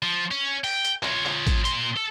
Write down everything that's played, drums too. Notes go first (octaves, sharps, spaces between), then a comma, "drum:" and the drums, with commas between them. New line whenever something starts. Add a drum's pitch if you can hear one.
F3
C#4
G5, drum: open hi-hat
drum: hi-hat
F4 C#5, drum: clap
drum: clap
drum: kick A1, hi-hat
A#2 C6, drum: hi-hat
A4